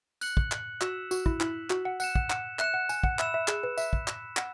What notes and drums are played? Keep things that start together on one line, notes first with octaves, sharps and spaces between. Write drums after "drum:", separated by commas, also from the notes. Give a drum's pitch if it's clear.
F#6 C#7 F#7, drum: tambourine
drum: kick
drum: clap
F#4 E6 B6 E7, drum: clap
F#4, drum: tambourine
E4, drum: kick
E4 F#6 B6 F#7, drum: clap
F#4, drum: clap
F#5
F#5 F#6 C#7 E7, drum: tambourine
F#5, drum: kick
F#5, drum: clap
E5 F#6 C#7 E7, drum: clap
F#5
G#5, drum: tambourine
F#5, drum: kick
E5 B5 E6 C#7 E7, drum: clap
E5
G#4, drum: clap
B4
E5 F#6 B6 E7, drum: tambourine
drum: kick
drum: clap
F#5 E6, drum: clap